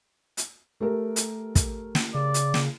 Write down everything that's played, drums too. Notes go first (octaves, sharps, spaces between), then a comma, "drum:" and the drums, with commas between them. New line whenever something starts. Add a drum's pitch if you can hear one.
drum: hi-hat
A3 G4 A#4
drum: hi-hat
drum: kick, hi-hat
drum: snare
C#3 D5
drum: hi-hat
drum: snare